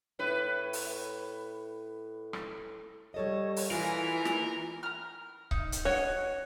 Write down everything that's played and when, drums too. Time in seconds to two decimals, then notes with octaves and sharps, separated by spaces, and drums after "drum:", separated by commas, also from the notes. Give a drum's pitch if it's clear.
0.19 A2 B4
0.73 drum: open hi-hat
2.33 drum: rim click
3.14 G3 A4 C#5 D#5
3.56 drum: open hi-hat
3.71 E3 F4 A#4 G#5
4.25 drum: snare
4.83 A#5 F6
5.51 D#4, drum: kick C#1
5.72 drum: hi-hat
5.85 F#4 C#5 D#5